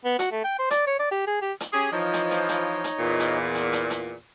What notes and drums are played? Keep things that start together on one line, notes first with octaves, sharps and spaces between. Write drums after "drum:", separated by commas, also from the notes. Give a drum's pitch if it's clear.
B3
F#4, drum: hi-hat
A3
G5
C5
D5, drum: hi-hat
C#5
D5
G4
G#4
G4
drum: hi-hat
C#4 G4 G#4
E3 F3 D#4 C#5 D#5
drum: hi-hat
drum: hi-hat
drum: hi-hat
drum: hi-hat
E2 A#2
drum: hi-hat
drum: hi-hat
drum: hi-hat
drum: hi-hat